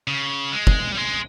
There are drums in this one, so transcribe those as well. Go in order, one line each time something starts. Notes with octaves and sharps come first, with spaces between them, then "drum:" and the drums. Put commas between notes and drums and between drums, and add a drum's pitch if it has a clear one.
C#3
G#3
drum: kick
G3
G#3